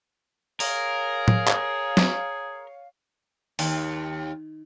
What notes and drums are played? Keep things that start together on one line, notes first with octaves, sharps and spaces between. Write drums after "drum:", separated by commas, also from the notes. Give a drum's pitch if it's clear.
G#4 A#4 C#5 F5, drum: open hi-hat
drum: tom A2
drum: clap
drum: snare
D#2, drum: open hi-hat